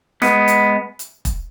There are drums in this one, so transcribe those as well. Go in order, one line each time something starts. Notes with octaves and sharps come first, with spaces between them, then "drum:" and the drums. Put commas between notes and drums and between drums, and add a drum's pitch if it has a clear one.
G#3 B3, drum: snare
drum: hi-hat
drum: hi-hat
drum: kick E1, hi-hat